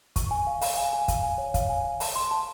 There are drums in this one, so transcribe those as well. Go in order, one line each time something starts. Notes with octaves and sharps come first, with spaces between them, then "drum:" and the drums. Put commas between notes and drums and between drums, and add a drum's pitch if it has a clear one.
C#6, drum: kick, hi-hat
G#5
F5
F5, drum: open hi-hat
G#5
G#5
F5, drum: kick, hi-hat
G#5
C#5
F5, drum: kick, hi-hat
G#5
F5
A5, drum: open hi-hat
C6
A5